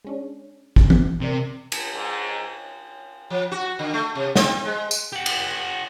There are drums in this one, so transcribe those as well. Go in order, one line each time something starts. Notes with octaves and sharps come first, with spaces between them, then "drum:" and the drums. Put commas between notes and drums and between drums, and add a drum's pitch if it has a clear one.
G#3 C#4 D4
drum: kick
drum: tom
C3 A#4 D5
drum: cymbal
G#2
F3
F#4
D3
A3
C3
C4, drum: snare
G#3
drum: tambourine
G4 F#5
drum: cymbal